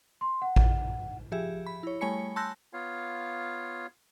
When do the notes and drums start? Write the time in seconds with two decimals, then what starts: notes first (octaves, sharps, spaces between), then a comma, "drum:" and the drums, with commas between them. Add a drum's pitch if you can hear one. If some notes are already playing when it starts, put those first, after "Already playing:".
0.21 C6
0.42 F#5
0.56 drum: kick A1
1.32 F3 G4 G#4 E5
1.66 B5
1.83 E4 C#5
2.01 G3 A3 C#5 G#5 B5 C#7
2.36 A5 C6 E6 F#6 G6 A#6
2.73 B3 F4 C#5 F5